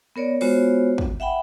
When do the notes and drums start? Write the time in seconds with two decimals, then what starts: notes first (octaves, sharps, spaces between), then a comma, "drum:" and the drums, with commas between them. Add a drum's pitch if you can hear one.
0.16 B3 A#4 C#5 D5
0.41 G#3 B3 F4 F#4 C5 C#5, drum: open hi-hat
0.98 drum: kick
1.20 E5 F#5 G5 B5